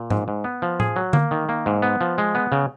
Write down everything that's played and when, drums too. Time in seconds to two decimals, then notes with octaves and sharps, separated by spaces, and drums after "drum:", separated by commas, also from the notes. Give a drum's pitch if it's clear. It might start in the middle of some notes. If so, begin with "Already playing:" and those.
Already playing: A#2
0.10 G#2, drum: tom G#2
0.28 G#2
0.44 B3
0.62 F3
0.80 G#4, drum: tom A2
0.96 F#3
1.13 A#3, drum: tom D3
1.31 D#3
1.49 A#3
1.66 G#2
1.82 B3
2.01 F3
2.18 G#3
2.35 B3
2.52 C#3